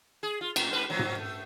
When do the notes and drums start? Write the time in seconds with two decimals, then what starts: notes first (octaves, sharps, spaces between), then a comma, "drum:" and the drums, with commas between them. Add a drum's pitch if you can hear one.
0.23 G#4
0.41 F4
0.56 A2, drum: cymbal
0.71 G#2 B4
0.90 A2 F3 F#3
0.99 drum: tom G#2
1.18 A3